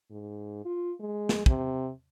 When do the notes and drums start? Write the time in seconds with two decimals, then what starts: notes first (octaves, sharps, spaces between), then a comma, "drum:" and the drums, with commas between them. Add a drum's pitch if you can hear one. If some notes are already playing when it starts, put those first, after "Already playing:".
0.11 G#2
0.65 F4
1.00 G#3
1.29 drum: snare
1.46 C3, drum: kick